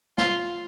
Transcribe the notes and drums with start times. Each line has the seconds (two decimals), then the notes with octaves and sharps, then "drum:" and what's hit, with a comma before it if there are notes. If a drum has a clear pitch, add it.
0.18 F4, drum: snare